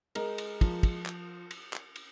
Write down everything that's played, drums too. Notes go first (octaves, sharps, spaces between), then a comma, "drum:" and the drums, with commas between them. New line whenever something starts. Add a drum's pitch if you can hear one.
G#3 A#4, drum: cymbal
drum: cymbal
F3, drum: kick, cymbal
drum: kick, cymbal
drum: clap
drum: cymbal
drum: clap
drum: cymbal